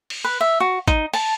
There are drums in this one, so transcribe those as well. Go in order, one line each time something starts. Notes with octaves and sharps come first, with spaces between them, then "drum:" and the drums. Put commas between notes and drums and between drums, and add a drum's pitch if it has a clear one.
drum: open hi-hat
B4
E5
F#4
D#4, drum: kick G#1, hi-hat
A5, drum: open hi-hat